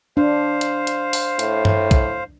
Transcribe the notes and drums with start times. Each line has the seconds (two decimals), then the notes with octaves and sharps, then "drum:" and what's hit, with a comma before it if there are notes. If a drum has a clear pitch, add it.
0.17 D4 C5 F5
0.61 drum: hi-hat
0.87 drum: hi-hat
1.13 drum: open hi-hat
1.39 A2, drum: hi-hat
1.65 drum: tom G2
1.91 drum: kick B1, hi-hat